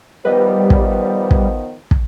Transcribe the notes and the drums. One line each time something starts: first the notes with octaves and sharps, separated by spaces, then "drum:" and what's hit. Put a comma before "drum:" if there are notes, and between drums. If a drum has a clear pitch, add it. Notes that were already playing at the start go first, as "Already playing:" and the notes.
D#3 F3 G3 B3 B4 D#5
drum: kick
drum: kick
drum: kick